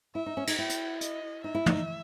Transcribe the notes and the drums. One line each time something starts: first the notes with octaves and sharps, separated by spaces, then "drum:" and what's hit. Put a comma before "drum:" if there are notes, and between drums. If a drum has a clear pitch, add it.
E4 E5
D#4
C#4
D#4, drum: cymbal
E4 G5
drum: hi-hat
D#5, drum: hi-hat
D#4 E5
E4
D#4, drum: tom